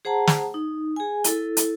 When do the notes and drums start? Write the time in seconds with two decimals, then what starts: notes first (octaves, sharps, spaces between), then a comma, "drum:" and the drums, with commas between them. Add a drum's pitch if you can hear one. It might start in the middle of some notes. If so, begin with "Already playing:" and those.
0.05 G#4 C5 F#5 A5 A#5
0.27 drum: snare
0.54 D#4
0.96 G#4 G#5
1.24 E4 A4, drum: hi-hat
1.57 drum: hi-hat